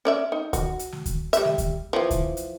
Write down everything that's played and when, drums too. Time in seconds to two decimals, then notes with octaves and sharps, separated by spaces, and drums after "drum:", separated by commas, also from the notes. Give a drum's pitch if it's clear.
0.05 C#4 D5 E5
0.32 D#4
0.53 F#4, drum: kick D2, hi-hat
0.79 drum: hi-hat
0.92 drum: snare
1.06 drum: kick D2, hi-hat
1.33 G3 E5, drum: hi-hat
1.45 drum: snare
1.58 drum: kick D2, hi-hat
1.93 E3 F3
2.11 drum: kick D2, hi-hat
2.37 drum: hi-hat